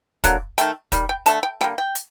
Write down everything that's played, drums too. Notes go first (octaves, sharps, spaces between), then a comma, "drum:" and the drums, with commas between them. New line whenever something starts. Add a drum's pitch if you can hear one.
D3 F#3 A#3, drum: kick, hi-hat
D#3 A3 G5, drum: hi-hat
D#3 G3, drum: kick, hi-hat
G5
D3 A3 A5, drum: hi-hat
G5
D3 G3 A#3 G5, drum: snare
G5
drum: hi-hat